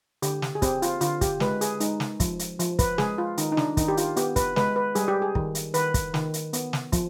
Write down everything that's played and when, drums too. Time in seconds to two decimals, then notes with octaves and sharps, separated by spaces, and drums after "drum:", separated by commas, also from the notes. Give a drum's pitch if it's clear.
0.22 D3 G4, drum: hi-hat
0.42 drum: snare
0.55 G#4
0.62 C4 G4, drum: kick, hi-hat
0.82 F4, drum: hi-hat
1.01 D3 F4, drum: hi-hat
1.21 G4, drum: kick, hi-hat
1.40 G#3 B4, drum: snare
1.61 G#4, drum: hi-hat
1.80 G#3 D#4, drum: hi-hat
2.00 drum: snare
2.20 F3, drum: kick, hi-hat
2.39 drum: hi-hat
2.59 F3, drum: hi-hat
2.79 B4, drum: kick, hi-hat
2.98 G#3 G#4, drum: snare
3.18 F4
3.38 D#3 D#4, drum: hi-hat
3.52 D#4
3.57 D4, drum: snare
3.77 D#3 D#4, drum: kick, hi-hat
3.88 G4
3.97 F4, drum: hi-hat
4.16 B3 G4, drum: hi-hat
4.36 B4, drum: kick, hi-hat
4.56 G#3 B4, drum: snare
4.76 B4
4.95 G3 G#4, drum: hi-hat
5.08 G4
5.22 G#4
5.35 D#3, drum: kick
5.55 drum: hi-hat
5.74 D#3 B4, drum: hi-hat
5.94 drum: kick, hi-hat
6.14 D#3, drum: snare
6.34 drum: hi-hat
6.53 B3, drum: hi-hat
6.73 drum: snare
6.92 F3, drum: kick, hi-hat